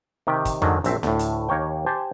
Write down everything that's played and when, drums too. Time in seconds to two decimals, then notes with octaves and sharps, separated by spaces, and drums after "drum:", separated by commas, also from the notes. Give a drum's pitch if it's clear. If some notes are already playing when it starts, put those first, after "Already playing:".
0.27 C3 D#3 G4 G5
0.45 drum: kick, hi-hat
0.62 G#2 D3 D#3 F#3, drum: tom F2
0.84 A#1 F#2 C4 E5, drum: hi-hat
1.03 D2 A2, drum: snare
1.19 drum: hi-hat
1.49 D#2 A#3 C#5 G5
1.86 G4 C5 G#5 A5